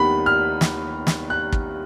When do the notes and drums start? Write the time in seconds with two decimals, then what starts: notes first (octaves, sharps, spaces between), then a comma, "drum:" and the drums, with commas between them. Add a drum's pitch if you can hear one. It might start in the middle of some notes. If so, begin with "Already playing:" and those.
Already playing: D#2 D#3 G3 B3 B5
0.26 F6
0.61 drum: snare
1.07 drum: snare
1.30 F#6
1.52 drum: kick